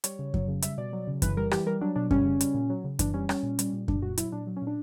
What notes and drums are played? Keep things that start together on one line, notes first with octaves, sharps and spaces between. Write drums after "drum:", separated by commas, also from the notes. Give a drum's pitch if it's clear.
G3 C#5, drum: hi-hat
C#3
F#3, drum: kick F#2
C#3
G3 E5, drum: hi-hat
B2 D5
F#3
C#3
E3 B4, drum: kick F#2, hi-hat
G3 A#4
E3 G4, drum: rim click
G3 A#4
F#3 D4
B2 D4
G3 C#4, drum: kick F#2
C#3
G3, drum: hi-hat
A#2
F#3
C#3
E3 D4, drum: kick F#2, hi-hat
G3 C#4
G3 C#4, drum: rim click
A#2
G3, drum: hi-hat
A#2
G3 D4, drum: kick F#2
A#2 F#4
F#3 E4, drum: hi-hat
A#2 D4
F#3
C#4
A#2 D4